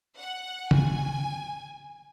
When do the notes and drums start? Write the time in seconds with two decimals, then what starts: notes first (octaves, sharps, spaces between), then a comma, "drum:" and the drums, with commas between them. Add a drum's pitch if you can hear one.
0.18 F#5
0.71 G#5, drum: tom